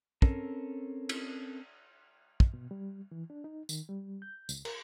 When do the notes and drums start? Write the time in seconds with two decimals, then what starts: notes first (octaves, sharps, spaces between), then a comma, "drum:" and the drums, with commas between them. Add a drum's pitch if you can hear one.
0.22 C4 C#4 A4 A#4, drum: kick
1.09 drum: cymbal
2.40 drum: kick
2.54 B2
2.71 G3
3.12 E3
3.30 D4
3.44 D#4
3.69 D#3, drum: tambourine
3.89 G3
4.22 G6
4.49 C#2, drum: tambourine
4.65 A#4, drum: cymbal